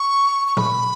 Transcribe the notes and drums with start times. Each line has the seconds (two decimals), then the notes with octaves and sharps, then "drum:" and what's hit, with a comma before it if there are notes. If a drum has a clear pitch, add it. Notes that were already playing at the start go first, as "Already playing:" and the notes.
Already playing: C#6
0.48 C#6
0.57 B5, drum: tom